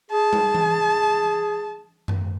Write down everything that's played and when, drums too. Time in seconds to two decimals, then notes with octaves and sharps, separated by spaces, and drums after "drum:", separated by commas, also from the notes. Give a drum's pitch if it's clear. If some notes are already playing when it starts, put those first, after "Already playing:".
0.11 G#4 A5
0.33 drum: tom
0.55 drum: tom E3
2.08 drum: tom F#2